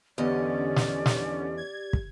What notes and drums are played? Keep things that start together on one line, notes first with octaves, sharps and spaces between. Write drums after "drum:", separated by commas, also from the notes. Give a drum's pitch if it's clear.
E2 D3 C#4 G4 D5 D#5
drum: snare
drum: snare
G#6
drum: kick